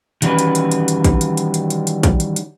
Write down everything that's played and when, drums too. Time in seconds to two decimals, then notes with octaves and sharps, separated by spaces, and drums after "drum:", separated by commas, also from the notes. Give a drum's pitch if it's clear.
0.22 D#3 E3 G3 C#4 F#4 B4, drum: hi-hat
0.39 drum: hi-hat
0.55 drum: hi-hat
0.71 drum: hi-hat
0.88 drum: hi-hat
1.04 drum: kick A#1, hi-hat
1.21 drum: hi-hat
1.37 drum: hi-hat
1.54 drum: hi-hat
1.70 drum: hi-hat
1.87 drum: hi-hat
2.03 drum: kick A#1, hi-hat
2.20 drum: hi-hat
2.36 drum: hi-hat